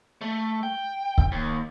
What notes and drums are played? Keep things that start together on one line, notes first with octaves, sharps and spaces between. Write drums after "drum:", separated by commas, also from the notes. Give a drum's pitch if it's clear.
A3
G5
drum: kick C#1
D#2